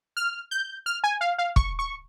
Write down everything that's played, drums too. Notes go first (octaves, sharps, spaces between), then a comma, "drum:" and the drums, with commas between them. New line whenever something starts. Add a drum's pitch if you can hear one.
F6
G6
F6
G#5
F5
F5
C#6, drum: kick
C#6